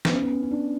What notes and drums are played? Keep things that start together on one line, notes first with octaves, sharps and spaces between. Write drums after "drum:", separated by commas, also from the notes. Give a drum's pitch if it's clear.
B3, drum: snare
C#4
B3
C#4
C#4
D4